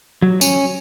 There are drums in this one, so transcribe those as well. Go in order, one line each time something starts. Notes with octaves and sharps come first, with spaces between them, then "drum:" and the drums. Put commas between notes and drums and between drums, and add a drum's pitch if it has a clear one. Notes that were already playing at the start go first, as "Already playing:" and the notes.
F#3
C#4, drum: tambourine